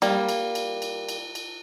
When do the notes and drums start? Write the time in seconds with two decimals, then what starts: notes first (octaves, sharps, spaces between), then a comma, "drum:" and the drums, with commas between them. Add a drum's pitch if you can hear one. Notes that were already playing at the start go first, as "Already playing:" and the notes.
0.02 G3 A#3, drum: cymbal
0.29 drum: cymbal
0.55 drum: cymbal
0.82 drum: cymbal
1.09 drum: cymbal
1.35 drum: cymbal